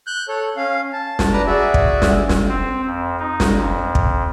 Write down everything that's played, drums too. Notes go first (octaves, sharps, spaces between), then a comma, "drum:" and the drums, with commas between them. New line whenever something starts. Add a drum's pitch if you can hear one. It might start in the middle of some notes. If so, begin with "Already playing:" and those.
F#6 G6
A4 C#5
C#4 F5
A5
drum: snare
B4 D5 A5 A#5
F#4 G#4 D5 E5
drum: kick
drum: snare
drum: snare
C4
F2
D#4
drum: snare
F2
drum: kick